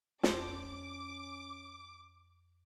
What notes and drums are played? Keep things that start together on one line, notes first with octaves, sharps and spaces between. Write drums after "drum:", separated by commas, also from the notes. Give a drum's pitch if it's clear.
F2 C#4 A4 C5 D6, drum: snare